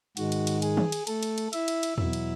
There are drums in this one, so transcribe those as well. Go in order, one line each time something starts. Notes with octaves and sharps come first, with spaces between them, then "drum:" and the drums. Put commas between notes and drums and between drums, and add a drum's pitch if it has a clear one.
G#2 D#3 G#3 F#4, drum: cymbal
drum: cymbal
drum: cymbal
G#4, drum: cymbal
drum: tom D#3
drum: cymbal
A3 A4, drum: cymbal
drum: cymbal
drum: cymbal
E4 E5, drum: cymbal
drum: cymbal
drum: cymbal
E2 B2 F#3 E4 E5, drum: tom E2
drum: cymbal